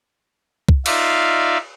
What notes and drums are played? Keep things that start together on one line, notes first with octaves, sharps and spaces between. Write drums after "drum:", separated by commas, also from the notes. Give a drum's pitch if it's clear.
drum: kick
D#4 F4 D5 E5 F5, drum: cymbal